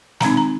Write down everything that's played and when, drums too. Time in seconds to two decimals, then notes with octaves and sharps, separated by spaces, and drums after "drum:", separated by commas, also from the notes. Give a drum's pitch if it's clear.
0.20 D#3 G#3 C4 D#4 A#5, drum: snare
0.37 A#5